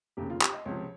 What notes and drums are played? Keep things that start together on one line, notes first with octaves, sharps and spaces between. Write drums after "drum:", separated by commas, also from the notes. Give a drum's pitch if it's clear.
F1 D#2 C#3 G4
F4
G4, drum: clap
D#5
C#2 C3 F3 C#5